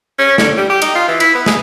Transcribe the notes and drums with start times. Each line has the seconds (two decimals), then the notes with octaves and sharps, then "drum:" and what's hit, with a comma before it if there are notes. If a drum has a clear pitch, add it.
0.18 C#4
0.38 D3, drum: snare
0.57 G3
0.70 G4
0.82 D#4, drum: cymbal
0.95 F4
1.08 E3
1.20 E4, drum: cymbal
1.35 B3
1.46 G#4, drum: snare